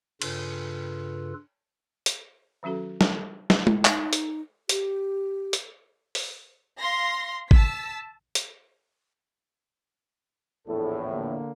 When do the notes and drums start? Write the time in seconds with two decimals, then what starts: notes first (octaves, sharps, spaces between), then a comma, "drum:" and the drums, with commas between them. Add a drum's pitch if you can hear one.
0.22 G2 C#3 F4 A4 B4, drum: cymbal
2.06 drum: hi-hat
2.63 D#3 F#3 C#4 F#4 A4
3.01 drum: snare
3.50 drum: snare
3.67 drum: tom G#3
3.85 D#4, drum: clap
4.13 drum: hi-hat
4.69 G4, drum: hi-hat
5.53 drum: hi-hat
6.15 drum: open hi-hat
6.78 F5 C6 A#6
7.51 A5 E6 B6, drum: kick G#1
8.35 drum: hi-hat
10.68 A#1 E2 A2 A4
11.11 D3 A#3